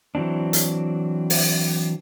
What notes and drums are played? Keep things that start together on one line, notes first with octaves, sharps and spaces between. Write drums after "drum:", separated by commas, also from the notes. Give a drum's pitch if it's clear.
E3 F#3 C4 D4
drum: hi-hat
drum: open hi-hat